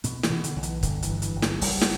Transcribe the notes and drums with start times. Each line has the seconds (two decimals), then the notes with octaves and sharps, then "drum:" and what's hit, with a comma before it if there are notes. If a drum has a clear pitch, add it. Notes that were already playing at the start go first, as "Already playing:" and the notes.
0.04 B2 B3, drum: hi-hat
0.23 E3, drum: snare
0.30 B2
0.44 D3, drum: hi-hat
0.56 B1 F#3
0.63 E3, drum: hi-hat
0.83 G1 D3, drum: kick, hi-hat
1.02 E3, drum: hi-hat
1.09 G2
1.22 E3, drum: hi-hat
1.36 G1
1.42 F#3, drum: snare
1.61 F#1 G3, drum: open hi-hat
1.81 drum: snare